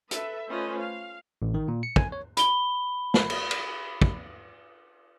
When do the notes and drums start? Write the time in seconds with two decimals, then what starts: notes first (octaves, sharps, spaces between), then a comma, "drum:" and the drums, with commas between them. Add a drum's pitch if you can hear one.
0.11 A4 B4 E5, drum: hi-hat
0.49 A3 C#4 F4 B4 C5 D#5
0.79 F5
1.42 A1
1.54 D#3
1.68 A#2
1.83 C#7
1.96 G#5, drum: kick
2.12 C#5
2.37 B5 G7, drum: hi-hat
3.14 drum: snare
3.30 drum: cymbal
3.51 drum: cymbal
4.02 drum: kick